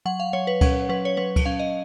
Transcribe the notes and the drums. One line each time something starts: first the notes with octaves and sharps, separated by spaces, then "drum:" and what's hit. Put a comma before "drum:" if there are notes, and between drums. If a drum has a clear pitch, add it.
F#3 F#5
F5
F#3 C#5
B4
C#4 F#5, drum: kick C#2, cymbal
F#3 B4
C#5
F#3 B4
drum: kick C#2, cymbal
C#4 F5
D#5